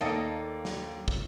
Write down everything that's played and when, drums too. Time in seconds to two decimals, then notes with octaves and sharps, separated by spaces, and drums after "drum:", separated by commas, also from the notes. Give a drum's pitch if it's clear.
0.01 D#2 A#3 A4 D#5 C#7
0.65 drum: snare
1.08 drum: kick